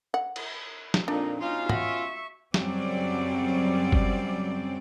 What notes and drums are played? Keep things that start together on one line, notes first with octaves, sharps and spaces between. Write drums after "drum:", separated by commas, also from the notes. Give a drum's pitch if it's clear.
F#5
drum: cymbal
drum: snare
F2 A#2 D4 D#4
B2 C#4 D#4 F4 F5
F#4 E5 C#6, drum: tom
F#2 C#3 F#3 G3 C4 D5, drum: snare
drum: kick